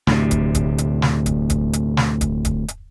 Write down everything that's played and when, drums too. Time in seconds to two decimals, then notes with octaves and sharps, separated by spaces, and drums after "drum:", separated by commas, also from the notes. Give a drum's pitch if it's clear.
0.07 D2 A2 C3, drum: snare
0.31 drum: kick D1, hi-hat
0.55 drum: kick D1, hi-hat
0.78 drum: hi-hat
1.02 drum: snare
1.26 drum: kick D1, hi-hat
1.50 drum: kick D1, hi-hat
1.73 drum: hi-hat
1.97 drum: snare
2.21 drum: kick D1, hi-hat
2.45 drum: kick D1, hi-hat
2.68 drum: hi-hat